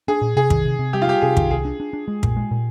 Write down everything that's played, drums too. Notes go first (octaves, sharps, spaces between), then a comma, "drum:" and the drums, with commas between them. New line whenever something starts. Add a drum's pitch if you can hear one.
D4 G#4
A#2
C3 G#4
D#3, drum: kick
C3
C3
G3 G4
F4
G3 G4
C3 G#4
D#3, drum: kick
C2 G#4
D4
D4
D4
G#3
A#2, drum: kick
G#3
A#2